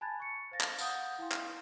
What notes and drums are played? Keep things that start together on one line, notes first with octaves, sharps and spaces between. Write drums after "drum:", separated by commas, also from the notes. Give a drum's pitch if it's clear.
G#5 A5 B5 F#6 G#6 A6
C#6 C#7
C5 F5 A6 A#6
drum: clap
F5 F#5 D#6 G6, drum: tambourine
E4 F5 G5 C6
drum: clap